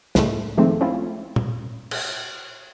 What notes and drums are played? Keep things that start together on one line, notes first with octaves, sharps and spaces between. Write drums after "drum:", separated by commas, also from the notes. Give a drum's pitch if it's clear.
C#2 A2 G#3 A3, drum: snare
D#3 F3 G#3 A3 C4
C4 C#4 E4 F4
drum: tom
drum: cymbal